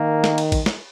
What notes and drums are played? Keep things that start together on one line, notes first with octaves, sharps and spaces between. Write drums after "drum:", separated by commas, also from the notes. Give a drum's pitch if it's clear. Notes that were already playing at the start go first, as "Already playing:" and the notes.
Already playing: D#3 A#3
drum: snare
drum: cymbal
drum: kick A#1, cymbal
drum: snare